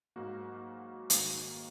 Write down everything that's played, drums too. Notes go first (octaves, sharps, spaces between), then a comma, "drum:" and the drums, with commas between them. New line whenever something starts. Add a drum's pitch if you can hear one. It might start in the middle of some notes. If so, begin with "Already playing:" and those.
G#2 F#3 A#3 F#4
G#2 D#3 A#3, drum: hi-hat